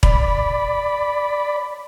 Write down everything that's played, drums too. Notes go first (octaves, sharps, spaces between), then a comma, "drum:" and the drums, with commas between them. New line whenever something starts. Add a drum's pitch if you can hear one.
D5 B5, drum: kick E1